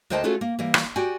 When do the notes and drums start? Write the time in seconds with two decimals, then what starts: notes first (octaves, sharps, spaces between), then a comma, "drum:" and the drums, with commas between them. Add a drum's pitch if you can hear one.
0.10 D2 A#4 C5 D#5 G5 A5
0.24 A3 C#4 F4 F#4 G#4 A4
0.41 A#3
0.59 E3 G3 A#3
0.74 drum: rim click
0.96 F#4 G4 D5 G5 G#5